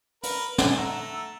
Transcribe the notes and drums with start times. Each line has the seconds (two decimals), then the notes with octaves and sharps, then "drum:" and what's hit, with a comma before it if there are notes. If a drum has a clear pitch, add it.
0.23 A#4 B4, drum: hi-hat
0.58 A3, drum: snare
0.78 F#5 A#5 E6